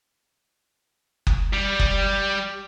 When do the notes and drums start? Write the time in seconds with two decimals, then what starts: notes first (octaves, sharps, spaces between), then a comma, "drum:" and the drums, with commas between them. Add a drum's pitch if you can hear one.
1.27 drum: kick F#1
1.53 G3
1.79 drum: kick F#1